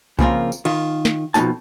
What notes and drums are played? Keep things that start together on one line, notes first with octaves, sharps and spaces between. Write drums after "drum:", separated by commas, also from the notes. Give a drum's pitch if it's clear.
C#3 F3 A#3 C4 F4 A#4, drum: kick C2
drum: tambourine
D#3 F4, drum: cymbal
drum: snare
F2 B2 A#3 C#4 D#4 A5, drum: tambourine